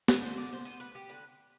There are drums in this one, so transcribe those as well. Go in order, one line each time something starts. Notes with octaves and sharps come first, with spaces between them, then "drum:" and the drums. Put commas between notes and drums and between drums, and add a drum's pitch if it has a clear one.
B3 B4, drum: snare
D3 C5
D3 D5
D3 C5
B3 C5
B3 B4
B3 G4
D3 B4